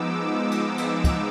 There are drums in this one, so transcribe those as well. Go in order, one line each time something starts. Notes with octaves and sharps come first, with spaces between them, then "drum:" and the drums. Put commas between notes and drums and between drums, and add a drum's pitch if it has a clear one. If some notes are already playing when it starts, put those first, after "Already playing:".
Already playing: F3 G#3 B3 D#4 D6 E6
drum: cymbal
drum: cymbal
drum: kick, cymbal